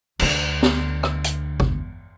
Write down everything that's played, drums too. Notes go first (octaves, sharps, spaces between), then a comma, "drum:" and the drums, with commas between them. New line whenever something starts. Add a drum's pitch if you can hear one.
D2 D3, drum: cymbal
drum: snare
drum: rim click
drum: hi-hat
drum: kick G#1